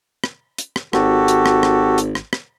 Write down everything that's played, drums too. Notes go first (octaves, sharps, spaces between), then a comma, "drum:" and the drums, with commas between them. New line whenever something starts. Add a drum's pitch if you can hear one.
drum: rim click
drum: hi-hat
drum: rim click
G#1 F#4 G4 A4, drum: rim click
drum: hi-hat
drum: rim click
drum: rim click
drum: hi-hat
drum: rim click
drum: rim click